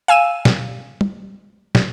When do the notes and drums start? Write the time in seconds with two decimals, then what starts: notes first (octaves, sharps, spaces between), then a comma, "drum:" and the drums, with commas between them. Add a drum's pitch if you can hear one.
0.08 F5 G#5 E6 D#7 E7
0.45 drum: snare
1.01 drum: tom
1.75 drum: snare